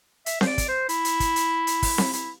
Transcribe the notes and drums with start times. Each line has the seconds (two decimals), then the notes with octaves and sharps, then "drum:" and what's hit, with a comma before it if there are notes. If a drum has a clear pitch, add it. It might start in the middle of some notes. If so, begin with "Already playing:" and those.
0.26 E5, drum: hi-hat
0.41 C5, drum: snare C4
0.47 D5
0.58 drum: kick, hi-hat
0.68 C5
0.89 E4, drum: hi-hat
1.05 drum: hi-hat
1.20 drum: kick, hi-hat
1.36 drum: hi-hat
1.67 drum: hi-hat
1.83 drum: kick, open hi-hat
1.98 drum: snare C4
2.13 E4, drum: hi-hat